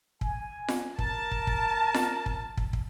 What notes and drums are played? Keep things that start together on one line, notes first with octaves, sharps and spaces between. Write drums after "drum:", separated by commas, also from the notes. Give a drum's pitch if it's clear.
G#5, drum: kick
drum: snare F4
A#4 A5, drum: kick
drum: kick
drum: kick
drum: snare F4
drum: kick
drum: kick
drum: kick